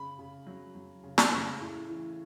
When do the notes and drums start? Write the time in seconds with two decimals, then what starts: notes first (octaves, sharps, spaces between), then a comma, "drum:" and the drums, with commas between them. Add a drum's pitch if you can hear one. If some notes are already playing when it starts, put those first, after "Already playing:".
Already playing: C#3 B5
0.19 C#3
0.47 F#3
0.75 F#3
1.03 C#3
1.18 drum: snare
1.32 C#3
1.60 A2
1.89 E3